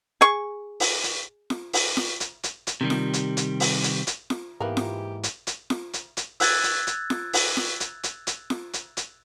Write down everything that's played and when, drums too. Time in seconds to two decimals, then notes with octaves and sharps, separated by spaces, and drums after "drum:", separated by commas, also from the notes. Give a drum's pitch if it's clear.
0.21 G#4 C#6
0.80 drum: open hi-hat
1.03 drum: hi-hat
1.50 drum: snare F4
1.73 drum: open hi-hat
1.97 drum: snare F4
2.20 drum: hi-hat
2.43 drum: hi-hat
2.67 drum: hi-hat
2.81 C3 D#3 G3
2.90 drum: snare F4
3.13 drum: hi-hat
3.37 drum: hi-hat
3.60 drum: open hi-hat
3.83 drum: hi-hat
4.07 drum: hi-hat
4.30 drum: snare F4
4.60 G#2 E3 A#3 B3 G4 A#4 B4
4.77 drum: snare F4
5.23 drum: hi-hat
5.47 drum: hi-hat
5.70 drum: snare F4
5.93 drum: hi-hat
6.17 drum: hi-hat
6.40 E6 F#6 G#6 A6, drum: open hi-hat
6.63 drum: hi-hat
6.87 drum: hi-hat
7.10 drum: snare F4
7.33 drum: open hi-hat
7.57 drum: snare F4
7.80 drum: hi-hat
8.03 drum: hi-hat
8.27 drum: hi-hat
8.50 drum: snare F4
8.73 drum: hi-hat
8.97 drum: hi-hat